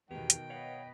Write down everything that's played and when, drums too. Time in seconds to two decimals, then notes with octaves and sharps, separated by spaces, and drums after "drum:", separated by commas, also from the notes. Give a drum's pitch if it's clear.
0.10 E2 B2 D#3 B3 G4 G#4 G5
0.30 drum: hi-hat
0.50 B4 C#5 D#5 F5 F#5